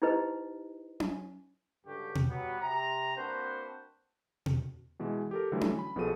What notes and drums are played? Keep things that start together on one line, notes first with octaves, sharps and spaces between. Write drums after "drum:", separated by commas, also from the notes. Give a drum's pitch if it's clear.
D#4 E4 G4 B4 C5 D#5
drum: tom C#4
C#2 G2 D3 F#4 G4
drum: tom B2
F#3 G3 B3
C3 A#5
A#3 C4 D4 F#4 B4 C5
drum: tom B2
B2 E3 G#3
G4 A4 A#4
D3 E3 F#3 G3 A3
drum: tom C#4
B5
B1 B2 F3 G#4 A4 D#7